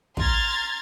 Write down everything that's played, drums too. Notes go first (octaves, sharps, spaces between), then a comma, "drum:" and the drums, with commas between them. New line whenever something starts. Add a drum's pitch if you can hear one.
A#5 C6 F6 G#6 A6, drum: kick